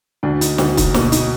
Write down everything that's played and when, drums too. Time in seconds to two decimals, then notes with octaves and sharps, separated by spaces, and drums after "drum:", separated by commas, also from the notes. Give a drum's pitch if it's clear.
0.23 D2 D4
0.41 D#4, drum: hi-hat
0.58 D2 D#4, drum: snare
0.77 D#4, drum: kick, hi-hat
0.94 B2 D#4, drum: snare
1.12 D#4, drum: hi-hat